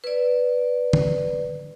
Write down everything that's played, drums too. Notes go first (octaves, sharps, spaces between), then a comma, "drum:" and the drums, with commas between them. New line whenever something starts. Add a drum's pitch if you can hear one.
B4 D5
drum: tom D3